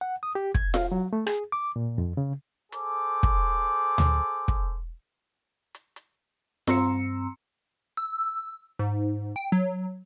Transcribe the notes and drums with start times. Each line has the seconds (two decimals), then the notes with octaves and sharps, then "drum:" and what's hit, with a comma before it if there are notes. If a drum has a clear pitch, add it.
0.01 F#5
0.23 D#6
0.35 G4
0.54 G#6, drum: kick
0.74 F5, drum: snare F4
0.92 F#3
1.13 A3
1.27 G#4, drum: rim click
1.52 D6
1.76 A#2
1.98 F2
2.17 C#3
2.72 G#4 A4 C5 D6, drum: hi-hat
3.23 drum: kick
3.98 drum: tom D2
4.48 drum: kick
5.75 drum: hi-hat
5.96 drum: hi-hat
6.67 G2 C4 A#5 C6 E6 C#7, drum: snare F4
7.97 E6
8.79 G#2
9.36 G5
9.52 F#3